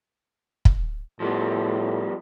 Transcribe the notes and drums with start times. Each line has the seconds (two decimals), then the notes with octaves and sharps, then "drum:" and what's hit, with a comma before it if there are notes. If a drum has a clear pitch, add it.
0.65 drum: kick
1.20 A2 F3 G3 B3